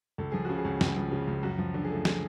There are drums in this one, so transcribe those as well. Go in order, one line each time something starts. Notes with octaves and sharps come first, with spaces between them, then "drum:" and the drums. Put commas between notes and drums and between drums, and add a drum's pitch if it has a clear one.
C#2 A4
F3 G#4
C#3 F#4
G#4
C#2
C#2, drum: snare
F3
C#3
C#2
F#2 F#4
F3
D3
G#4
A3
G#4, drum: snare